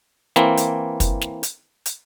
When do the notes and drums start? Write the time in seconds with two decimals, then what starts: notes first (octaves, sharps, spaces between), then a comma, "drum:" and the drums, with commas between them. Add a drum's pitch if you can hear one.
0.36 E3 A#3 C4, drum: snare
0.57 drum: hi-hat
1.00 drum: kick, hi-hat
1.21 drum: snare
1.43 drum: hi-hat
1.86 drum: hi-hat